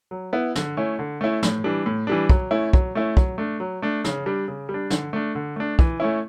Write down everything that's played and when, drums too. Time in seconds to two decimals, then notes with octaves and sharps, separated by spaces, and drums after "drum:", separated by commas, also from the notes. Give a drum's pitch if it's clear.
0.11 F#3
0.33 B3 E4
0.55 D3, drum: snare
0.77 A3 C#4 E4
0.99 D3
1.21 A3 C#4 E4
1.43 A2, drum: snare
1.64 E3 G3 D4
1.86 A2
2.07 E3 G3 D4
2.29 F#3, drum: kick
2.51 A3 C#4 E4
2.73 F#3, drum: kick
2.95 A3 C#4 E4
3.17 F#3, drum: kick
3.38 A3 D4
3.60 F#3
3.82 A3 D4
4.04 C#3, drum: snare
4.26 G3 D4
4.48 C#3
4.69 G3
4.74 D4
4.90 D3, drum: snare
5.13 A3 D4
5.35 D3
5.56 A3 D4
5.79 E3, drum: kick
6.00 A3 C#4 E4